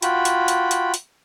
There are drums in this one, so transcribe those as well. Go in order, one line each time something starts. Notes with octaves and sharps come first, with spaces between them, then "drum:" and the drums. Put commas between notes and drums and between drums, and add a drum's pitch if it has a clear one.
F4 F#4 G5 B5, drum: hi-hat
drum: hi-hat
drum: hi-hat
drum: hi-hat
drum: hi-hat